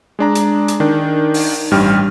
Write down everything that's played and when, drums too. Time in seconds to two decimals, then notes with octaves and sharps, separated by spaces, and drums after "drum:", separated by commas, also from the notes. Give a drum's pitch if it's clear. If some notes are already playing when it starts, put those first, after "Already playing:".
0.19 G#3 D4 A#5
0.35 drum: hi-hat
0.68 drum: hi-hat
0.80 D#3 D4
1.34 drum: open hi-hat
1.71 A1 G2 G3 G5 F6